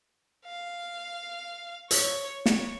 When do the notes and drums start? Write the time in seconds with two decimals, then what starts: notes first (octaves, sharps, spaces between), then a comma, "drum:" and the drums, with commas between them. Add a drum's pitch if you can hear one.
0.46 F5
1.91 C#5, drum: hi-hat
2.46 C#5, drum: snare